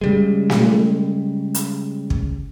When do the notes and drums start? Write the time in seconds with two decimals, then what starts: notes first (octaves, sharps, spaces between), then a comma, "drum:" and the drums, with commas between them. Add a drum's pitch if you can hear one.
0.01 C#3 G3 G#3
0.50 drum: snare
1.54 drum: hi-hat
2.10 drum: kick